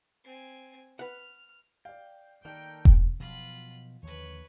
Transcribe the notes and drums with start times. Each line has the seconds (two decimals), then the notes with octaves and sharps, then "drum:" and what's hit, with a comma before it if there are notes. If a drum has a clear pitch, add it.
0.24 C4 G#5
0.99 B4 F#5 F6
1.85 D5 F5 G5
2.45 D#3 A#3 A4 A#4 D5 G5 A5
2.85 drum: kick E1
3.20 B2 F3 F#3 F4 B5
4.03 D#2 D3 F3 B4 C#5